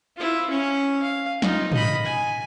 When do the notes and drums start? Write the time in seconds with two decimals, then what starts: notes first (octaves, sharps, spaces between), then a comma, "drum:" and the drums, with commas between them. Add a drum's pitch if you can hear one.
0.17 E4 F4
0.50 C#4 C#5
1.03 F5
1.42 D#4 F4, drum: snare
1.72 D#5 B5, drum: tom
2.06 G#5